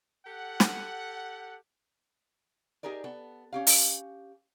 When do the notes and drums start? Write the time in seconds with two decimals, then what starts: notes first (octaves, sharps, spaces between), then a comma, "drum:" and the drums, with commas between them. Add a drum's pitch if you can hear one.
0.26 G4 A4 F#5
0.60 drum: snare
2.83 D#4 G4 G#4 A#4 D5
3.04 B3 A4
3.53 C#4 G4 F5
3.67 drum: open hi-hat